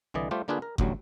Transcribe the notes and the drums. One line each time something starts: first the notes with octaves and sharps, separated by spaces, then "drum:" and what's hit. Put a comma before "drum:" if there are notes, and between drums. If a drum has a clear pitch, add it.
C2 D3 E3 D5 D#5
G3 A3 F4 G4 C5
D3 A#3 D4 F4 G#4 B4
A#4
A1 D2 F#3 G3, drum: kick F#1